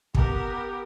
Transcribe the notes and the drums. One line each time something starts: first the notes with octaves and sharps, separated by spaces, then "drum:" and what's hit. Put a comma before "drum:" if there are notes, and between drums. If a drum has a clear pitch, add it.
B3 G4 A#4, drum: kick